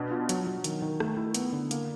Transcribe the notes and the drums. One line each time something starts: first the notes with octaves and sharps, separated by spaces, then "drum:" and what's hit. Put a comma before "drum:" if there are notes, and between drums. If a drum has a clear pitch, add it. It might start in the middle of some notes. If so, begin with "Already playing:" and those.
Already playing: B2 D4
F4
F#3, drum: hi-hat
F#3
D#3, drum: hi-hat
D#3
A3, drum: rim click
E4
B3, drum: hi-hat
D3
A#3, drum: hi-hat